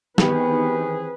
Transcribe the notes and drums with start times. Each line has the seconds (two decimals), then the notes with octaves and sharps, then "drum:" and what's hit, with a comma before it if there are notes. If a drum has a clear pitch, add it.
0.18 D#3 E3 B3 C4 G4 G#4 B4, drum: snare